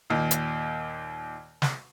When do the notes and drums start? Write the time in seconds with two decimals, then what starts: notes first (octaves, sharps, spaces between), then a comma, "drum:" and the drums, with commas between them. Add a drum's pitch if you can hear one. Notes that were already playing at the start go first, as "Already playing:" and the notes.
0.10 D#2 A#2
0.31 drum: hi-hat
1.62 drum: snare